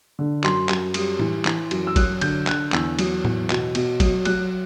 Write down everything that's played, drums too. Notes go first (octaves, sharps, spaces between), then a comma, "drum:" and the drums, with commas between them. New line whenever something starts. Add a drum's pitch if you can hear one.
D3
F#2 C6, drum: clap
F#2, drum: clap
G3, drum: cymbal
E3, drum: tom A2
E3, drum: clap
F#2, drum: cymbal
E6
F#3 F#6, drum: kick G1, cymbal
D3 G6, drum: cymbal
D3 F#6, drum: clap
E2 E6, drum: clap
F#3, drum: cymbal
E2, drum: tom A2
B2, drum: clap
B2, drum: cymbal
F#3, drum: kick G1, cymbal
F#3 F#6, drum: cymbal